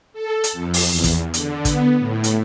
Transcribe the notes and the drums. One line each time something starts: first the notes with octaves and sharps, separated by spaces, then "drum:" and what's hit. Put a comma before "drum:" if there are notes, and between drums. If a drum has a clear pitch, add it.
A4
drum: hi-hat
F2
drum: open hi-hat
E2
drum: kick, hi-hat
D3, drum: hi-hat
B3, drum: kick, hi-hat
A2
drum: hi-hat